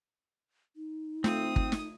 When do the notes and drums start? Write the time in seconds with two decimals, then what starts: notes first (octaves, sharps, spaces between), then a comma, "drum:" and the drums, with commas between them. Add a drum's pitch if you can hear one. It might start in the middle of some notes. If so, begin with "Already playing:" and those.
0.76 D#4
1.24 A3 C4 F4 D#6, drum: snare
1.56 drum: kick
1.72 drum: snare